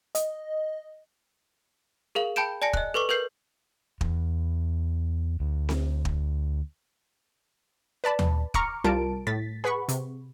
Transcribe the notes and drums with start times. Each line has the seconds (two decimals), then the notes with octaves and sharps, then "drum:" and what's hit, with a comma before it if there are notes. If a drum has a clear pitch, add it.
0.15 D#5, drum: hi-hat
2.15 G#4 A#4 F5 F#7
2.36 G5 A5 B5 G6 D7 E7
2.62 D5 G#5 A5 A#6 C#7
2.73 D#5 F#6, drum: kick
2.94 A4 B4 C#6 D6
3.09 A#4 B4 G6 C7
4.01 E2, drum: kick
5.40 D2
5.69 drum: snare C4
6.05 drum: kick
8.04 B4 D5 A5 B5
8.19 drum: tom D#2
8.54 A#5 C#6 D6 F6 C#7, drum: kick
8.84 C2 G3 F4 A#4 A5 D7
9.27 A2 A6 B6
9.64 G#4 B4 F#5 B5 C#6
9.89 C3, drum: hi-hat